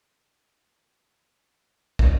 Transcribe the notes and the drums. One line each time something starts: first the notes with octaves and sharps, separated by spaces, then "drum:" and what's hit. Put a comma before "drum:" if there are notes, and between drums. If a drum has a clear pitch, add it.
G5 A#5
drum: kick